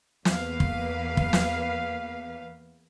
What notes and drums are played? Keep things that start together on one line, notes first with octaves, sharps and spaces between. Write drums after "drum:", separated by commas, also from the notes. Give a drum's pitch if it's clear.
E2 A#3 B3 B4 F5, drum: snare
drum: kick
drum: kick
drum: snare